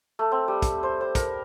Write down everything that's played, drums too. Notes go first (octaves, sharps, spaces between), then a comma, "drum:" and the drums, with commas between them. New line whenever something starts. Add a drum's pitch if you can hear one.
A3
C4
G3
drum: kick, hi-hat
C5
C5
A#4, drum: kick, hi-hat